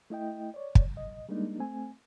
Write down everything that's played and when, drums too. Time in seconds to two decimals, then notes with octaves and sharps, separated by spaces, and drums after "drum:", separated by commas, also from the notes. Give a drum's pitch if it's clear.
0.10 A3 E4 D#5 G5
0.54 C#5 D5
0.75 drum: kick
0.97 D#5
1.29 G3 G#3 A#3 D4 D#4
1.59 A3 C4 G#5